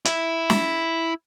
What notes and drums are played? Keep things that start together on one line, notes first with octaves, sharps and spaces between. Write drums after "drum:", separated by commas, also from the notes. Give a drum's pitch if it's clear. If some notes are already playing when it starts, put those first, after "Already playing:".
E4, drum: hi-hat
drum: snare